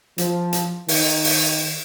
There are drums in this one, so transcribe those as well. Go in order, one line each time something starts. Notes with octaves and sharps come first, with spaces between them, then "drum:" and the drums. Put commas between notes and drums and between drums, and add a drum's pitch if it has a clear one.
F3, drum: hi-hat
drum: hi-hat
D#3, drum: open hi-hat
drum: open hi-hat